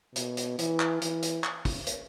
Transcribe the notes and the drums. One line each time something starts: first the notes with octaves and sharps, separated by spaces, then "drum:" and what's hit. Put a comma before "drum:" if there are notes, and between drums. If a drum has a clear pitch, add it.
B2, drum: hi-hat
drum: hi-hat
E3, drum: hi-hat
drum: clap
E3, drum: hi-hat
drum: hi-hat
drum: clap
drum: kick, open hi-hat
drum: hi-hat